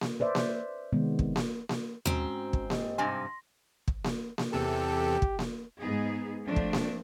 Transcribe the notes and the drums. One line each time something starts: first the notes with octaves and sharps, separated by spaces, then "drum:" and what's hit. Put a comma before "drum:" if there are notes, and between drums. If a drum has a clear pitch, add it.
drum: snare A#3
B4 C5 D5 E5
drum: snare A#3
C3 D#3 G#3 B3
drum: kick
drum: snare A#3
drum: snare A#3
G#2 C4 C#4 F#4 A#5, drum: tom D#2
drum: kick
G4 D#5, drum: snare A#3
G2 C3 G#5 C6 A#6
drum: kick
drum: snare A#3
drum: snare A#3
E2 C3 G4 A4
drum: kick
drum: snare A#3
G#2 B3 D#4 G#4
F3 A3 C4 D4
drum: kick
drum: snare A#3